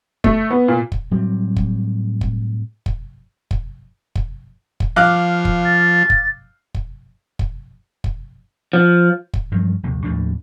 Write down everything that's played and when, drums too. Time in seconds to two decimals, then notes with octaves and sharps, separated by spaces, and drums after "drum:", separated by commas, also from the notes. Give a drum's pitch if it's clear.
0.24 A3, drum: kick
0.50 B3
0.68 A#2
0.92 drum: kick
1.11 A2 F#3 G3 C4
1.56 drum: kick
2.21 drum: kick
2.86 drum: kick
3.51 drum: kick
4.15 drum: kick
4.80 drum: kick
4.96 F3 F5 D6 F#6
5.45 drum: kick
5.65 A6
6.10 drum: kick
6.74 drum: kick
7.39 drum: kick
8.04 drum: kick
8.73 F3
9.34 drum: kick
9.51 G2 F3 F#3
9.83 A#1 D#2 C3
10.04 D#2 A2 F3 D4